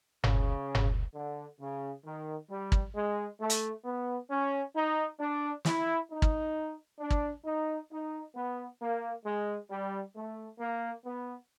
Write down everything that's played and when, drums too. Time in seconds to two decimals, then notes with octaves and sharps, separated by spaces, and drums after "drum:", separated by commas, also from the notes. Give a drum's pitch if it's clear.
0.24 C#3, drum: tom F#1
0.75 drum: tom F#1
1.14 D3
1.59 C#3
2.04 D#3
2.49 G3
2.72 drum: kick
2.94 G#3
3.39 A3
3.50 drum: hi-hat
3.84 B3
4.29 C#4
4.74 D#4
5.19 D4
5.65 E4, drum: snare
6.10 D#4
6.22 drum: kick
6.99 D4
7.10 drum: kick
7.44 D#4
7.89 D#4
8.34 B3
8.80 A#3
9.24 G#3
9.69 G3
10.15 A3
10.59 A#3
11.04 B3